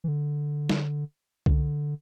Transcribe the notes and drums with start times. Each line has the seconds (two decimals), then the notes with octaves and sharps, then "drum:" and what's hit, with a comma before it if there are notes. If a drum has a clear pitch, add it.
0.04 E3
0.08 D3
0.69 drum: snare
1.46 D3, drum: kick C2